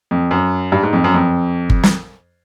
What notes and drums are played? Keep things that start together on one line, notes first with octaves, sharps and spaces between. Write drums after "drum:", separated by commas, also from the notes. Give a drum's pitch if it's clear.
F2
F#2
G2
G#2
F2
F#2
F2
drum: kick G1
drum: snare